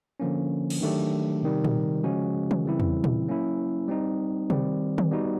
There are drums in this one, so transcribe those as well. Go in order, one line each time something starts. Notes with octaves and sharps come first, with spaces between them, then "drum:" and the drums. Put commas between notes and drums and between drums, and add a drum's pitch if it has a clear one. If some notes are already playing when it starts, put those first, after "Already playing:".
D3 F3 A#3 C#4
drum: cymbal
D#3 F#3 A3 D4 G4
C3 D#3 G3
drum: tom A#2
C#3 F3 G#3 C#4 F#4
drum: tom D#3
C#3 E3 G3 C4 E4
drum: tom E2
drum: tom A#2
F#3 A#3 C#4 E4
G3 C4 D#4
D#3 G3 C4, drum: tom C3
drum: tom D#3
G3 B3 D#4 F#4